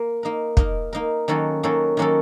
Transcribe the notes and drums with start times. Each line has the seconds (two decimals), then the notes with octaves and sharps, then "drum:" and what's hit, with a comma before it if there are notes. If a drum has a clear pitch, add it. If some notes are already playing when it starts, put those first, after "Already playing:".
Already playing: A#3
0.23 A#3 D#4 A#4
0.57 A#3 D#4 A#4, drum: kick
0.93 A#3 D#4 A#4
1.28 D#3 F#3 A#3 C#4 A4
1.63 D#3 F#3 A#3 C#4 A4
1.97 D#3 F#3 A#3 C#4 A4